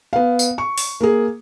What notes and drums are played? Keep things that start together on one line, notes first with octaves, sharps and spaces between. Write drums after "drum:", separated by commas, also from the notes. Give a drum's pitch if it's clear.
B3 F5
drum: tambourine
C#6
drum: open hi-hat
A#3 G#4